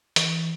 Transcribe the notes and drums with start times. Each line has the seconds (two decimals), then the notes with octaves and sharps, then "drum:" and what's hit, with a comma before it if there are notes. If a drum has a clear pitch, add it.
0.16 E3, drum: hi-hat